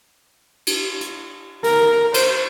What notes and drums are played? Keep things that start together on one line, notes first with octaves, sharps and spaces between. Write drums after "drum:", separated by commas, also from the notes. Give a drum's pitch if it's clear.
drum: cymbal
drum: hi-hat
A#4, drum: open hi-hat
C5, drum: cymbal